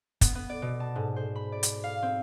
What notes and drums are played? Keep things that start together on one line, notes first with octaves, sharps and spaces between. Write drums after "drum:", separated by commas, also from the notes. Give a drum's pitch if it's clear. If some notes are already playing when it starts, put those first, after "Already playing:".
B3, drum: kick, hi-hat
B3
D5
B2
A5
G#2
C5
B5
D5
drum: hi-hat
F5
C4